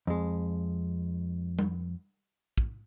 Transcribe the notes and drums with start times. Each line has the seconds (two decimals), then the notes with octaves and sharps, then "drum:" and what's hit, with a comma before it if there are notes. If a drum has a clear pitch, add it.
0.07 F2 G#3
1.59 drum: tom G3
2.58 drum: kick